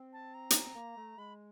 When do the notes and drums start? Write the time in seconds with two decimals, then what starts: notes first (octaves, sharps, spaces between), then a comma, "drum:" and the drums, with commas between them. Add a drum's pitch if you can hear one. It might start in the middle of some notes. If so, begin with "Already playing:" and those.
Already playing: C4
0.13 A5
0.34 A#5
0.50 drum: hi-hat
0.75 A#3
0.97 A3
1.17 G#3 B5